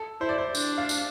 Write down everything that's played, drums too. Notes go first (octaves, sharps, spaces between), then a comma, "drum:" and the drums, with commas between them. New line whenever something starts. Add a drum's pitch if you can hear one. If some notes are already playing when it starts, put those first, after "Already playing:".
Already playing: A4
E4 C5
D5
C5
D4, drum: tambourine
F5
drum: tambourine